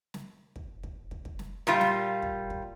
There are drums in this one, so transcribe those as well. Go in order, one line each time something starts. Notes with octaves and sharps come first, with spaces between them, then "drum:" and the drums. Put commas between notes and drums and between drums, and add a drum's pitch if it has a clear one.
drum: snare
drum: kick
drum: kick
drum: kick
drum: kick
drum: snare
A#2 G3 F4
drum: snare
drum: kick
drum: kick